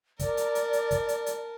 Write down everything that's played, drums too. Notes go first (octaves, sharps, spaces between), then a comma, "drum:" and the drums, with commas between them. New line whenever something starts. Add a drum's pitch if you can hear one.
A#4 D5 A5, drum: kick, hi-hat
drum: hi-hat
drum: hi-hat
drum: hi-hat
drum: kick, hi-hat
drum: hi-hat
drum: hi-hat